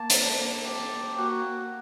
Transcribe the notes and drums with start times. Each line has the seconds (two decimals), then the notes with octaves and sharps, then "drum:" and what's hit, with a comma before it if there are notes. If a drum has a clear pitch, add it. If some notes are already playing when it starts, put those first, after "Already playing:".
Already playing: A#3 A5
0.10 D4, drum: hi-hat
0.37 A#3
0.63 G4
0.90 A#3
1.17 F#4 F#5
1.45 A#3